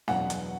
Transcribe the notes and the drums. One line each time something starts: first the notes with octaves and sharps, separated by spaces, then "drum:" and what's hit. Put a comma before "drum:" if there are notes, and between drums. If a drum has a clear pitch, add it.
E2 B2 F#3 F#5, drum: snare
drum: hi-hat